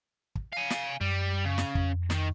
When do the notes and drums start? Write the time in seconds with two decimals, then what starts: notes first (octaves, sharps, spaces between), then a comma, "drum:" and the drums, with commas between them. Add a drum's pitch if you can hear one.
0.35 drum: kick
0.53 F5 G#5
0.70 drum: snare
1.01 F#2 G3
1.45 C#3
1.58 drum: snare
1.75 F2, drum: kick
2.10 D#3, drum: snare